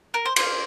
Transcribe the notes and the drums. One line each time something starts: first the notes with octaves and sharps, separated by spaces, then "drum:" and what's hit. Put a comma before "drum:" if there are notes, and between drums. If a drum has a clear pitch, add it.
A#4
C5
A#3 C#4 F4 C5, drum: cymbal